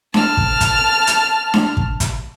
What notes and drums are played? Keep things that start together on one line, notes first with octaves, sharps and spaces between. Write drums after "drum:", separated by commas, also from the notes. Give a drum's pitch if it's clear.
A5 F6, drum: snare D4
drum: kick
drum: kick, hi-hat
drum: hi-hat
drum: snare D4
drum: kick
drum: kick, hi-hat